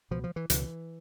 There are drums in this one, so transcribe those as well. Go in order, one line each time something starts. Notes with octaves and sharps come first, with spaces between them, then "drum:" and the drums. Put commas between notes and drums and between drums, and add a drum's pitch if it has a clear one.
C#2 B2 F3
F3
E3
C#2 B2 E3, drum: hi-hat